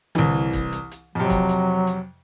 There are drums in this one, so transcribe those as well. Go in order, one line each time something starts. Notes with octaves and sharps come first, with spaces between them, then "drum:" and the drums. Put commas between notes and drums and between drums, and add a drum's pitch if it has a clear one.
C2 E3, drum: tom D3
drum: kick, hi-hat
drum: hi-hat
drum: hi-hat
F2 C3 F#3
drum: kick, hi-hat
drum: hi-hat
drum: hi-hat